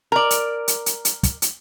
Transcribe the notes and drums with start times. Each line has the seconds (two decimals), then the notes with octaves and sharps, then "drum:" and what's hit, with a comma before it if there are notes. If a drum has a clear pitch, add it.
0.12 A#4 D5
0.30 drum: hi-hat
0.68 drum: hi-hat
0.86 drum: hi-hat
1.05 drum: hi-hat
1.23 drum: kick, hi-hat
1.42 drum: hi-hat